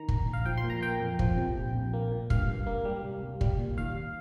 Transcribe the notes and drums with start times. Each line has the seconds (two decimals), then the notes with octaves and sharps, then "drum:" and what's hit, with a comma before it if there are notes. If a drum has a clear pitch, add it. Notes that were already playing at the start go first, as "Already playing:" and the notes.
Already playing: D#3 A#5
0.09 A#1, drum: kick
0.27 A#1
0.33 F5
0.45 F3 G5
0.57 C6
0.64 A#2
0.70 A#5
0.82 A#3 G5
1.00 F2
1.19 F3, drum: kick
1.37 C3
1.56 A#1
1.74 A#1
1.93 A#3
2.11 A#2
2.30 G2 F5, drum: kick
2.48 G2
2.67 A#3
2.85 G3
3.04 C2
3.22 C2
3.41 G3, drum: kick
3.59 A#2
3.77 D#2 F5